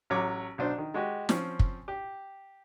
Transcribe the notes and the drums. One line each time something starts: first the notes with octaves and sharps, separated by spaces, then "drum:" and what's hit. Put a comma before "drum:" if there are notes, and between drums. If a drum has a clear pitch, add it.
A1 F#3 C#5 D6
B1 D4 C5
D#3
G#3 F#4 G4
F3 C4 C#4, drum: snare
drum: kick
G4